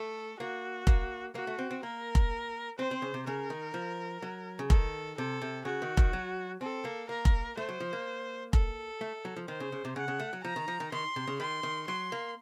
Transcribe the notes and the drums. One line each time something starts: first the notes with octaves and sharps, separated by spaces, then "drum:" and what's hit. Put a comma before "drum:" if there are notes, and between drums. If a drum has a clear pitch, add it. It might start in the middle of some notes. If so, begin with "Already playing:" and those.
Already playing: A3 A4
A#3 F#4
A#3, drum: kick F1
A#3 F#4
A3
C4
C4
A#3 A#4
drum: kick F1
C4 C5
C4
C#3
C3
C#3 A#4
D#3
F3
F#3
C#3
D#3 A4, drum: kick F1
C3 A4
C3
C#3 F#4
D#3
D#3, drum: kick F1
F#3
C4 A4
A#3
A#3 A#4
drum: kick F1
A3 C5
F#3
F3
A#3
A4, drum: kick F1
A3
F#3
F3
D#3 C5
C#3
C#3
C3
C#3 F#5
C#3
A3
F#3
F3 A#5
D#3
F3
D#3
D#3 C6
C3
C#3
D#3 C6
D#3
F#3 C6
A#3